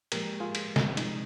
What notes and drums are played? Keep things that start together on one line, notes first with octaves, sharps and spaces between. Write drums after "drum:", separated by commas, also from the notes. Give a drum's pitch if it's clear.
A#2 F3 G#3 G4 A#4, drum: cymbal
F4 G#4
drum: cymbal
drum: snare
C3 F3 G#3 D#4, drum: cymbal